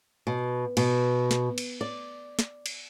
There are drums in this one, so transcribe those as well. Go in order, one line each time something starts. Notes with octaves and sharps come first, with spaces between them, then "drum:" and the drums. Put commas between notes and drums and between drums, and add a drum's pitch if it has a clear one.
B2
B2, drum: cymbal
drum: snare
drum: cymbal
D5
drum: snare
drum: cymbal